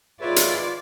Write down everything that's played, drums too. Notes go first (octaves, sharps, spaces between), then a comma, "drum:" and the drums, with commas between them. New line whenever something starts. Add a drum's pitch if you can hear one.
D#3 G#3 F4 G#4 B4 C#5 D5 E5
drum: hi-hat